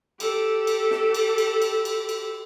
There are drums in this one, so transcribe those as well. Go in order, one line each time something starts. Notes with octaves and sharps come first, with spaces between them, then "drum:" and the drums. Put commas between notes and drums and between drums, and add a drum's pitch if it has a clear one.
G4 A4, drum: cymbal
drum: cymbal
drum: snare
drum: cymbal
drum: cymbal
drum: cymbal
drum: cymbal
drum: cymbal